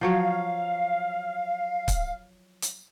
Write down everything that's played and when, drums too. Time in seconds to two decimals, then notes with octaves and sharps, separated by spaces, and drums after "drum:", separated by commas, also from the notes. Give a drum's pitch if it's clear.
0.01 F3 F#3 C#5 F5
1.88 drum: kick C#1, hi-hat
2.62 drum: hi-hat